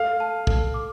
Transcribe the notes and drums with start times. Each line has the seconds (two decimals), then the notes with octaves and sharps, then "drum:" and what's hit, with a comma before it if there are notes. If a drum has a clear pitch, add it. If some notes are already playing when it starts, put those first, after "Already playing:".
Already playing: A4 F5
0.20 A5
0.47 A4, drum: kick
0.74 D6